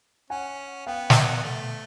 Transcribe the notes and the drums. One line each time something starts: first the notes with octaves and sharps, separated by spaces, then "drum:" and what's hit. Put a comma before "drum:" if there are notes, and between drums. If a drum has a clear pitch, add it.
C#4 F#5 G#5
B3 F5 G5
drum: snare
A3